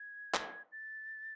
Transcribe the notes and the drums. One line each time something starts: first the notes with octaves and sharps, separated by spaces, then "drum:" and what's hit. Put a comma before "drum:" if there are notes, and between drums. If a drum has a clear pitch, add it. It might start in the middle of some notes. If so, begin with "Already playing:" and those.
Already playing: G#6
drum: clap
A6